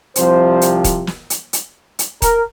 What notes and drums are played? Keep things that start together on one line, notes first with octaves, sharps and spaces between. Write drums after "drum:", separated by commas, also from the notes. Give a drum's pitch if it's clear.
C2 C3 F3 C5, drum: hi-hat
drum: hi-hat
drum: kick D#1, hi-hat
drum: snare
drum: hi-hat
drum: hi-hat
drum: hi-hat
A#4, drum: kick D#1, hi-hat